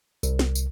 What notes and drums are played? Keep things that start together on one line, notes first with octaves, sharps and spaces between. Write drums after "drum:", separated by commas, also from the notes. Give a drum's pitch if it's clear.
C2, drum: tambourine
drum: snare
drum: tambourine